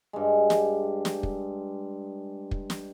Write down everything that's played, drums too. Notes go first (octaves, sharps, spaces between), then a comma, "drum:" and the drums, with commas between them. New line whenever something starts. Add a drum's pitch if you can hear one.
G2 G#3
drum: snare
drum: snare
drum: kick
drum: kick
drum: snare